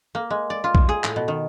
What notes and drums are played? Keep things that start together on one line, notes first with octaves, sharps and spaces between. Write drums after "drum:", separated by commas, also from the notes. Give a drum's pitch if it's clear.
A#3
G#3
D5
F4
drum: kick
G#4
A2, drum: clap
B2
D#3